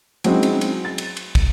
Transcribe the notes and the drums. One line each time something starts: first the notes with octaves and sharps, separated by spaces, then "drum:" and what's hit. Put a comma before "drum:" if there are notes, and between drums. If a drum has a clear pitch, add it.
F#3 G#3 C4 C#4 D#4 E4, drum: cymbal
drum: cymbal
drum: cymbal
A6
drum: cymbal
drum: cymbal
drum: kick, cymbal